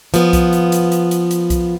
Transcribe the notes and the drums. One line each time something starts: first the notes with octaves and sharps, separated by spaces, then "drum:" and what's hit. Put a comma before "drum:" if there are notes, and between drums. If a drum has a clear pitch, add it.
F3 B3, drum: hi-hat
drum: kick B1, hi-hat
drum: hi-hat
drum: hi-hat
drum: hi-hat
drum: hi-hat
drum: hi-hat
drum: kick B1, hi-hat